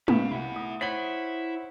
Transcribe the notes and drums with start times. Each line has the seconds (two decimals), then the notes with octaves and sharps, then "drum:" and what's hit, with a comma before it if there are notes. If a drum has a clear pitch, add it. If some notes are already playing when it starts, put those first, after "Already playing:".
0.08 A#2 C#3 B3 F5 B5, drum: tom G#3
0.31 C2 E4 F#5
0.56 A3 D#6
0.81 E4 C5 C#5 F#5 B6 F#7